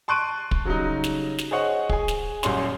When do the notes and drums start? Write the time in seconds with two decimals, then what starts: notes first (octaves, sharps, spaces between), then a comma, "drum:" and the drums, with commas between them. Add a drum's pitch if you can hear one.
0.08 A5 C6 C#6 F#6 D7 D#7
0.51 drum: kick
0.65 C#3 F#3 G3 D#4
1.04 drum: snare
1.38 drum: snare
1.51 G#4 C5 C#5 D#5 F#5
1.89 G#4 G#5, drum: kick
2.08 drum: snare
2.43 D#1 F#2 G3 C#4 C6, drum: snare